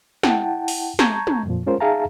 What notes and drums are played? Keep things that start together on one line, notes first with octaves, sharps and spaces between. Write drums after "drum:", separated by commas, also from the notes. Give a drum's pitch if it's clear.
E4 F#5 G5 A5, drum: snare
drum: open hi-hat
A5 A#5 C#6 G6 G#6, drum: snare
drum: tom
F2 A#2 F3
G#3 C#4 F4 A#4 C5
D#4 G#4 E5 F5 A5 A#5